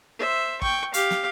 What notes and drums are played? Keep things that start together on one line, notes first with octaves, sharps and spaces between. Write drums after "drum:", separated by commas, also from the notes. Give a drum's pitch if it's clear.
C5 E5
G5 C#6, drum: kick
G4 F5, drum: hi-hat
drum: snare